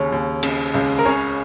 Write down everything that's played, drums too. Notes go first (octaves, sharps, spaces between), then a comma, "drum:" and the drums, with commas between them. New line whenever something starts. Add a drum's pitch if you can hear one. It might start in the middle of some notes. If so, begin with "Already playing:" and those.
Already playing: D#2 C#3 C#4 C#5
D#2
C#3, drum: cymbal
C#2
A#4
C#3 C#4 C#5